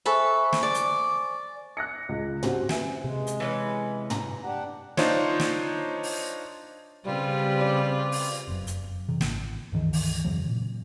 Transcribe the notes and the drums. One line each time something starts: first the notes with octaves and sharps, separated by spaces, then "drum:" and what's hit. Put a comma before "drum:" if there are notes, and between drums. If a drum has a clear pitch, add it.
A4 B4 C5 E5 G#5 C#6
drum: snare
D5
drum: hi-hat
F#6 A#6 C#7
C#2
C4 C#4 F#4 G4 C5, drum: tom
B4 E5 G#5, drum: snare
C3 G#3
drum: hi-hat
E3 C#4 B4
A#5, drum: tom
D4 G4 F#5
D4 D#4 F4 C5 C#5, drum: snare
drum: snare
drum: open hi-hat
C#3 G3 C4 F4 B4
D5
drum: open hi-hat
F1 F#2
drum: hi-hat
C3 E3
G#1, drum: snare
C#2 G2 D#3 E3
drum: open hi-hat
F2 C#3 E3 F#3
A#2